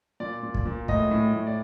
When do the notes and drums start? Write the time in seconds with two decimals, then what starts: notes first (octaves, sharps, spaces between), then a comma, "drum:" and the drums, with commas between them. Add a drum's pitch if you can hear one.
0.20 A#2 D5
0.43 A#2
0.54 drum: kick
0.65 A#2
0.88 A2 D#5, drum: kick
1.11 A2
1.34 A2
1.47 D5